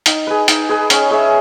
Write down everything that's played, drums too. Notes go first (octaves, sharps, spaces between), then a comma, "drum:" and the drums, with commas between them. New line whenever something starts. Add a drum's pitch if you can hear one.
D#4, drum: hi-hat
G#4 B4
D#4, drum: hi-hat
G#4 B4
C#4, drum: hi-hat
G#4 C#5 E5